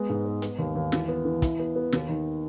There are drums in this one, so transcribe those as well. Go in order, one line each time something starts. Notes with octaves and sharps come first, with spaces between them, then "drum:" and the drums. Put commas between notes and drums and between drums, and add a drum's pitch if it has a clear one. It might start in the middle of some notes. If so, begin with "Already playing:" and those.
Already playing: G#3 B3
G#2
B3
B3, drum: hi-hat
D#2
D#2
E3, drum: snare
B3
E3
E4, drum: kick, hi-hat
B3
B3
D#2, drum: snare
D#3